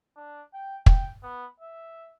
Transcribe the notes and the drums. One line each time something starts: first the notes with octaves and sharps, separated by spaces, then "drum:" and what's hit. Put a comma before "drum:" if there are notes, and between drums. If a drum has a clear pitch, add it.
D4
G5
G5, drum: kick
B3
E5